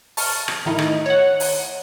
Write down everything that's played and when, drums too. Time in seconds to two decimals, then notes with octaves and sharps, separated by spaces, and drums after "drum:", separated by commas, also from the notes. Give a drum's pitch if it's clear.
0.17 A5 C#6 F6, drum: open hi-hat
0.48 drum: rim click
0.66 A2 D#3 D#4 E4
0.79 drum: rim click
1.06 C#5 F#5
1.40 drum: open hi-hat